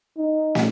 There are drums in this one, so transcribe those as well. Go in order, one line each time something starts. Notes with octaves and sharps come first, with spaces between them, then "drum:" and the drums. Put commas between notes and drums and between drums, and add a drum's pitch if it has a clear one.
D#4
drum: snare